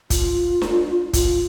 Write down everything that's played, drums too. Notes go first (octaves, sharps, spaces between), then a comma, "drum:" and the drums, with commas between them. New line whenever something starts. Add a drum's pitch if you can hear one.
F4, drum: kick, hi-hat
drum: snare D4
F4, drum: kick, hi-hat